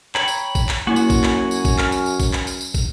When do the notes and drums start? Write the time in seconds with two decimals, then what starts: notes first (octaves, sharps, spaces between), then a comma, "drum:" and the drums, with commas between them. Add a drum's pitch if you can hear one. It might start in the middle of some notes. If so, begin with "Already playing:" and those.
0.15 C#5 G5 A#5 B5, drum: clap
0.28 drum: tambourine
0.55 drum: kick, tambourine
0.69 drum: clap
0.87 F#2 A#3 E4 F#4 C#5 G#5
0.96 drum: tambourine
1.10 drum: kick, tambourine
1.24 drum: clap
1.51 drum: tambourine
1.65 drum: kick, tambourine
1.78 F6, drum: clap
1.92 drum: tambourine
2.06 drum: tambourine
2.20 drum: kick, tambourine
2.33 drum: clap
2.47 drum: tambourine
2.61 drum: tambourine
2.74 drum: kick, tambourine